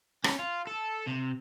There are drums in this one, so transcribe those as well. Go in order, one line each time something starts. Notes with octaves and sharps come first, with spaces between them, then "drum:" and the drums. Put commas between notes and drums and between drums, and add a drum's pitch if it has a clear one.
C#4, drum: rim click
F4
A4
C3